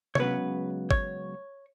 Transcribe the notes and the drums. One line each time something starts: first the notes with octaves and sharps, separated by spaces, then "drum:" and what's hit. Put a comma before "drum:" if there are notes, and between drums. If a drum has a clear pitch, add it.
C#5, drum: tom C3
C#2 C#3 F#3 B3 B4
C#5, drum: kick